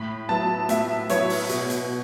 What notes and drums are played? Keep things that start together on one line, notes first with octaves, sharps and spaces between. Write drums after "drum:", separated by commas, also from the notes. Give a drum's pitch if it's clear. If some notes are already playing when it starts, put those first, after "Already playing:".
Already playing: A2 B5
F#3 B3 E4 A5
A2 E5, drum: hi-hat
F#3 B3 E4 C#5, drum: hi-hat
drum: open hi-hat
B2, drum: hi-hat
drum: hi-hat